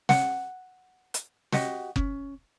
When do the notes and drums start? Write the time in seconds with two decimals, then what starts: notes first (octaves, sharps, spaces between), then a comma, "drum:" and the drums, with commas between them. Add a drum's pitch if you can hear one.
0.09 F#5, drum: snare
1.14 drum: hi-hat
1.53 F#4 G4 D#5 F#5, drum: snare
1.96 C#4, drum: kick F#1